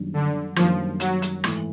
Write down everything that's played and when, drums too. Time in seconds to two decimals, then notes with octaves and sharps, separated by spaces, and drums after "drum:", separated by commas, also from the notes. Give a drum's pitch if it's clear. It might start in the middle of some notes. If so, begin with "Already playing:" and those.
Already playing: F#2 D#3 G3 A#3 D4
0.14 D3
0.56 F#2 D#3 F3 G3 A#3 D4, drum: rim click
1.00 F#3, drum: hi-hat
1.22 drum: hi-hat
1.44 G#2 E3 A3, drum: rim click